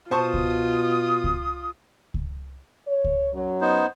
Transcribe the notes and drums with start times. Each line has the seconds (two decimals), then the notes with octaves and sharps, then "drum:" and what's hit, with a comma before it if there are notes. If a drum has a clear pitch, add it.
0.11 B2 F4 C5 A5 C#6 D#6
0.34 drum: kick C#2
1.24 drum: kick C#2
2.14 drum: kick C#2
2.87 C#5
3.04 drum: kick C#2
3.33 F#2 F#3
3.61 B3 D#4 C5